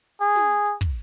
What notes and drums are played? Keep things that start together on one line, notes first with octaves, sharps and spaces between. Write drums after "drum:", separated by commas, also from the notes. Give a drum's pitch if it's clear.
G#4, drum: hi-hat
drum: snare
drum: hi-hat
drum: hi-hat
drum: kick, hi-hat